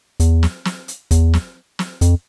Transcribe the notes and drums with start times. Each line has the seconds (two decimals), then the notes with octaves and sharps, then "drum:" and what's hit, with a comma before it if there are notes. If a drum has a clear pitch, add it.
0.20 E2, drum: hi-hat
0.43 drum: snare
0.65 drum: snare
0.88 drum: hi-hat
1.11 E2, drum: kick, hi-hat
1.33 drum: snare
1.79 drum: snare
2.01 F2, drum: hi-hat